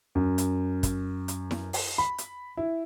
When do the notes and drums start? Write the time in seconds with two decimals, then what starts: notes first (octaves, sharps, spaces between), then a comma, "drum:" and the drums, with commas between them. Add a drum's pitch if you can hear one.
0.15 F#2
0.38 drum: hi-hat
0.83 drum: kick, hi-hat
1.28 drum: hi-hat
1.51 drum: snare E4
1.73 drum: open hi-hat
1.98 B5
2.18 drum: hi-hat
2.57 E4